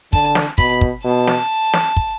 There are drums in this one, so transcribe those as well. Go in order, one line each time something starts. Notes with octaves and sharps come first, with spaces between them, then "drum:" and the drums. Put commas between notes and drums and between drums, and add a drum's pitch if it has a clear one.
D3 A5, drum: kick
drum: snare
B2 B5, drum: kick
drum: kick
B2 A5
drum: snare
drum: snare
drum: kick